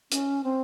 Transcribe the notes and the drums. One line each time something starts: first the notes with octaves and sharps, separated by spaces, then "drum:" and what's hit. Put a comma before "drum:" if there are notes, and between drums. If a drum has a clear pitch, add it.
C#4, drum: hi-hat
C4